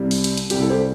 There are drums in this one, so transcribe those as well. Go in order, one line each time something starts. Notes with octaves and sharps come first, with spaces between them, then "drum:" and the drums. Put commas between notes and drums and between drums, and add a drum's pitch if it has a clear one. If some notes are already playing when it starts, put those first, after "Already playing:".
Already playing: C2 C3 G3
drum: open hi-hat
drum: hi-hat
drum: hi-hat
C2 C3 G3 G4, drum: hi-hat
E4 A4
G4 C5